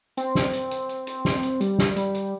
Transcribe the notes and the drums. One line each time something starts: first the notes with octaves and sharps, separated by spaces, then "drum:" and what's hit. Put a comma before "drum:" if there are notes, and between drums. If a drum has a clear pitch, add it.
C4, drum: hi-hat
drum: snare
drum: hi-hat
drum: hi-hat
drum: hi-hat
drum: hi-hat
drum: snare
drum: hi-hat
G3, drum: hi-hat
drum: snare
G3, drum: hi-hat
drum: hi-hat